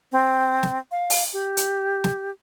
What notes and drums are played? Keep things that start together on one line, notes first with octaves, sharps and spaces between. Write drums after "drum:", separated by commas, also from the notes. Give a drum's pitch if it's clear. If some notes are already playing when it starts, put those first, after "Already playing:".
C4
drum: snare
F5
drum: open hi-hat
G4
drum: hi-hat
drum: snare